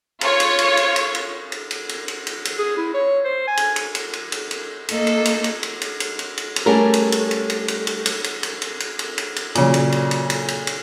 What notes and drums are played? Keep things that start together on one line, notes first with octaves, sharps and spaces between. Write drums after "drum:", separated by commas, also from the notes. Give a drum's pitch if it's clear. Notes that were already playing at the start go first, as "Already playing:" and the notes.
F4 C#5, drum: cymbal
drum: cymbal
drum: cymbal
drum: cymbal
drum: cymbal
drum: cymbal
drum: cymbal
drum: cymbal
drum: cymbal
drum: cymbal
drum: cymbal
drum: cymbal
G#4
E4
C#5
C5
G#5
drum: cymbal
drum: cymbal
drum: cymbal
drum: cymbal
drum: cymbal
drum: cymbal
A#3 A4 D#5, drum: cymbal
drum: cymbal
drum: cymbal
drum: cymbal
drum: cymbal
drum: cymbal
drum: cymbal
drum: cymbal
drum: cymbal
drum: cymbal
G3 A3 C#4 G#4 A#4
drum: cymbal
drum: cymbal
drum: cymbal
drum: cymbal
drum: cymbal
drum: cymbal
drum: cymbal
drum: cymbal
drum: cymbal
drum: cymbal
drum: cymbal
drum: cymbal
drum: cymbal
drum: cymbal
A#2 C#3 F#3, drum: cymbal
drum: cymbal
drum: cymbal
drum: cymbal
drum: cymbal
drum: cymbal
drum: cymbal